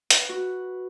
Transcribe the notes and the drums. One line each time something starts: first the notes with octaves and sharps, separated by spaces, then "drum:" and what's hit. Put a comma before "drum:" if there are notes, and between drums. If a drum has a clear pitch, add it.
B4, drum: hi-hat
F#4